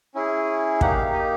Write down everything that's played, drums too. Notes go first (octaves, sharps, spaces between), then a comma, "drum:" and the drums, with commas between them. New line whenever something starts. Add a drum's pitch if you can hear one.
C#4 E4 G#4
A#3 D#4 G4 F#5, drum: kick
F5
D#5